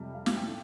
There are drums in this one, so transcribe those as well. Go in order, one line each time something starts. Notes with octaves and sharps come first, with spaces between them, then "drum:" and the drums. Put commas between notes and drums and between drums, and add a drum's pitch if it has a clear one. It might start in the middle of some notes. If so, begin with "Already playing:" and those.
Already playing: F2 C3 G3
F5
F5, drum: snare
G5
A2